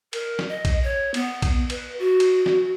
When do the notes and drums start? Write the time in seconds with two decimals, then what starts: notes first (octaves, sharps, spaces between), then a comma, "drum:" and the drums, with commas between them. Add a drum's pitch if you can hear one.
0.13 A#4, drum: cymbal
0.39 drum: snare
0.49 D#5
0.65 drum: kick A#1, cymbal
0.84 C#5
1.14 B3, drum: cymbal
1.42 drum: kick A#1, cymbal
1.70 B4, drum: cymbal
1.99 F#4
2.20 drum: cymbal
2.46 drum: snare